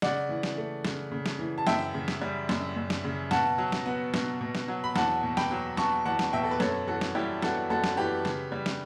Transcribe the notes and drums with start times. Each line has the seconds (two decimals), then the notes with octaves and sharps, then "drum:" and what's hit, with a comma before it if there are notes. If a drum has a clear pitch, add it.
0.02 C#3 D5 F#5, drum: snare
0.29 E3
0.43 drum: snare
0.57 A3
0.85 C#3, drum: snare
1.12 C#3
1.26 drum: snare
1.39 E3
1.58 A5
1.67 F#2 E5 G5, drum: snare
1.94 C#3
2.08 drum: snare
2.22 G3
2.49 F#2, drum: snare
2.76 F#2
2.90 drum: snare
3.04 C#3
3.31 B2 F#5 A5, drum: snare
3.58 F#3
3.72 drum: snare
3.86 B3
4.14 B2, drum: snare
4.41 B2
4.55 drum: snare
4.68 F#3
4.84 B5
4.96 E2 F#5 A5, drum: snare
5.23 B2
5.37 G5 B5, drum: snare
5.51 F#3
5.77 B3 A5 C#6, drum: snare
6.05 E2 F#5 A5
6.19 drum: snare
6.33 B2 E5 G5
6.43 A4
6.51 B4
6.60 F#2 A4 C#5, drum: snare
6.87 E3 F#4 A4
7.01 drum: snare
7.15 G3 E4 G4
7.42 B3 F#4 A4, drum: snare
7.70 F#2 F#4 A4
7.84 drum: snare
7.97 E3 G4 B4
8.25 C#3, drum: snare
8.52 G3
8.66 drum: snare